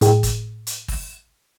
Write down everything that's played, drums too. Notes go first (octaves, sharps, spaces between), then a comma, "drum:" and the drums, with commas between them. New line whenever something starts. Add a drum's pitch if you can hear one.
A2 G#4 G5, drum: hi-hat
drum: kick, hi-hat
drum: hi-hat
drum: kick, open hi-hat